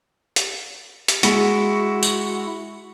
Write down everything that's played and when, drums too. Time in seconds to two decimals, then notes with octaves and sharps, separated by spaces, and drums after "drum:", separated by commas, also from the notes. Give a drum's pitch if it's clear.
0.36 drum: hi-hat
1.08 drum: hi-hat
1.23 G#3 E4 F#4, drum: hi-hat
2.03 drum: tambourine